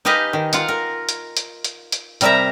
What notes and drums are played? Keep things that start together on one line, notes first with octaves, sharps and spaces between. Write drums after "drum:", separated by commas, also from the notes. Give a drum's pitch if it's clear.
D#4 G4 B4 D#5 F5 G#5
D#3
F4 F5 F#5, drum: hi-hat
A#4
drum: hi-hat
drum: hi-hat
drum: hi-hat
drum: hi-hat
C3 G3 A#4 E5 A5 A#5, drum: hi-hat